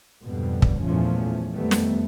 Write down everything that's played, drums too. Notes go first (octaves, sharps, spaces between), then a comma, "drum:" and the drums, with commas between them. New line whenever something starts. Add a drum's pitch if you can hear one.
F2 G#2 B2 D3 G3
drum: kick
E2 G2 A#2 F3 A3 C#4
F2 D#3 G3 A3 B3
drum: snare